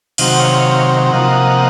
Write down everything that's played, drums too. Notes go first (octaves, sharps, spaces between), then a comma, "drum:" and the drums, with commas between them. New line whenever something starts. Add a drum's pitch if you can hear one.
C3 D#3 F#3 C4 F5, drum: cymbal
F#5
C#5 F5
C3 F3 A#3 D#5 F#5